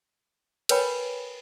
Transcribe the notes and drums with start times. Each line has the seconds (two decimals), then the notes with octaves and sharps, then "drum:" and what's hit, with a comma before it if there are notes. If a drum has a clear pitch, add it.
0.69 A#4 B4 C#5 G5 G#5 B5, drum: cymbal